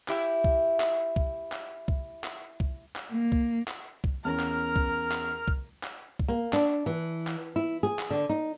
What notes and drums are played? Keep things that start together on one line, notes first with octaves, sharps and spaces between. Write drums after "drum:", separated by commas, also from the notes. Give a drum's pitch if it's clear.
E4 G4, drum: clap
drum: kick C2
drum: clap
drum: kick C2
drum: clap
drum: kick C2
drum: clap
drum: kick C2
drum: clap
A#3
drum: kick C2
drum: clap
drum: kick C2
E2 C#4 A#4 F6
drum: clap
drum: kick C2
drum: clap
drum: kick C2
drum: clap
drum: kick C2
A#3
D4, drum: clap
E3
drum: clap
E4
G#4
drum: clap
D3
D#4